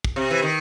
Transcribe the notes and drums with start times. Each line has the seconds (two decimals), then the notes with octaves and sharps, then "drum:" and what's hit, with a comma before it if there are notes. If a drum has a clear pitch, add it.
0.04 drum: kick
0.16 C3
0.31 E3
0.43 D#3